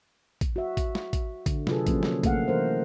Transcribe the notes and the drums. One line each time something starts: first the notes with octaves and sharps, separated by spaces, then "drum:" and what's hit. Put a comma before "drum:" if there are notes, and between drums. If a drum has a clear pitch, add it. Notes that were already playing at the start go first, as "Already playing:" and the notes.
drum: kick, hi-hat
F#4 E5
drum: kick, hi-hat
drum: snare
drum: kick, hi-hat
D3, drum: kick, hi-hat
C3 F#3 F4 G#4 A4 B4, drum: snare
F3 F#3 A#3 C#4, drum: kick, hi-hat
drum: snare
A3 A#3 G#4 F5 F#5, drum: kick, hi-hat
E3 A#4 C5